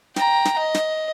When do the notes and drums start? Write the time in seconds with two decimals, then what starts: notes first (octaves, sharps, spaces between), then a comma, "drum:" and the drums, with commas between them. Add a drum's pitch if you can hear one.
0.16 G5 A#5, drum: snare
0.45 drum: snare
0.58 D#5
0.74 drum: snare